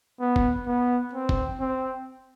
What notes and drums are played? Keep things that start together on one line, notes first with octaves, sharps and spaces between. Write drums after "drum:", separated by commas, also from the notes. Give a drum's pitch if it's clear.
B3
drum: kick
B3
C4
drum: kick
C4